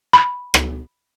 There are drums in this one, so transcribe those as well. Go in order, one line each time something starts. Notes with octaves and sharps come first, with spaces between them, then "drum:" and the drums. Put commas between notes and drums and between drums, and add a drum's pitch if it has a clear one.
B5
drum: rim click